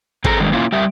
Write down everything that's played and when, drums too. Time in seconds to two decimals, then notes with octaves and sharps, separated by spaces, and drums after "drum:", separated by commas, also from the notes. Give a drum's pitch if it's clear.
0.24 F2 C4 G#4 A4 A#5, drum: kick
0.40 D3 D#3 G3 G#3
0.53 A#3 C#4 E4 F4
0.72 G3 G4 E5